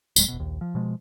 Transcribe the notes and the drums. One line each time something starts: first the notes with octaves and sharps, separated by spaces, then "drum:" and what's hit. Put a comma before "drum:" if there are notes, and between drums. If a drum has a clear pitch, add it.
D1 F#3 G#3, drum: tambourine
E1 B2
A#1 D#2
F3
B2 F3 G#3